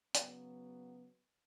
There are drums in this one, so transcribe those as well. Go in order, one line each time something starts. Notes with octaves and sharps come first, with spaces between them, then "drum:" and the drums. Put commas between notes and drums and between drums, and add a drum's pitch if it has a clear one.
C#3 F#3 B3, drum: hi-hat